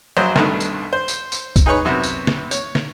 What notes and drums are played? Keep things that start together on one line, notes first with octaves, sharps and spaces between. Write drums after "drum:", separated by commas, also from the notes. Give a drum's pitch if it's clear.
A#1 F#3 C5
C2 G2 B2 D#3 A3, drum: snare
drum: tambourine
C5
drum: tambourine
drum: tambourine
drum: kick, tambourine
D#4 G#4 B4 C#5 C#6
F#2 C3 B3 F#4
drum: tambourine
drum: snare
C#5, drum: tambourine
drum: snare